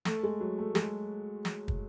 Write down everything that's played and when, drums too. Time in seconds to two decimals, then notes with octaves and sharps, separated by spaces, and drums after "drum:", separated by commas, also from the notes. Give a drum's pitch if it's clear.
0.05 A3, drum: snare
0.23 G#3
0.40 F#3
0.58 A3
0.75 G#3, drum: snare
1.45 drum: snare
1.68 drum: kick